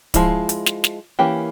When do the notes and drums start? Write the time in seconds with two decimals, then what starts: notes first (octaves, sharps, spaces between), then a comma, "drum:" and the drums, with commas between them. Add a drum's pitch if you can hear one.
0.14 F3 G#3 E4, drum: kick D1, hi-hat
0.49 drum: hi-hat
0.66 drum: snare
0.84 drum: snare
1.19 E3 A#3 C#4 G4